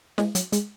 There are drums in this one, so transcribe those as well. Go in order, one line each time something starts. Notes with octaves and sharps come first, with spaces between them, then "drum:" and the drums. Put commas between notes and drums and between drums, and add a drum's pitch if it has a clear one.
G#3, drum: snare
F#3, drum: hi-hat
G#3, drum: hi-hat